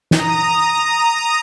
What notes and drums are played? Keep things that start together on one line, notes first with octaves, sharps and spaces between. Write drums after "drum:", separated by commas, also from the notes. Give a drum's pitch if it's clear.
A#5 D#6, drum: snare